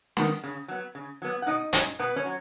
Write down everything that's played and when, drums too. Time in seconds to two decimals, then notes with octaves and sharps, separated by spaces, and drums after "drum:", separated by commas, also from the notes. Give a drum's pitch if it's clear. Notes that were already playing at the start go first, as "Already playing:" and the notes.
0.17 D#3 B3, drum: snare
0.44 C#3
0.68 F#3 B3
0.95 C#3
1.22 F#3 B3
1.42 F#5
1.47 B2 D#4 D#5
1.73 F#3 C#4, drum: hi-hat
1.99 B2 B3 B4
2.16 C#4 C#5
2.25 F#3